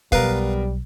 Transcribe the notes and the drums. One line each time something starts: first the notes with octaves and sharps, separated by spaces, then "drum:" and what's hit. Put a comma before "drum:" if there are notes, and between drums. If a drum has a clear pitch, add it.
B1 F#3 G3 B3 A#4 B4 F5, drum: kick